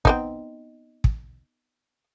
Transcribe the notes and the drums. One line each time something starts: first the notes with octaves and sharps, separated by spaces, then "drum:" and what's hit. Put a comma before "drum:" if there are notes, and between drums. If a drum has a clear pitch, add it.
B3 C4 D#4, drum: kick
drum: kick